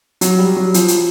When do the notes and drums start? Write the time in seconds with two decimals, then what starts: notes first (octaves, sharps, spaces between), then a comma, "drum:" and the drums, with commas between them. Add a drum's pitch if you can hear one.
0.21 F#3, drum: hi-hat
0.38 G3
0.56 F#3
0.74 F3, drum: hi-hat
0.88 drum: hi-hat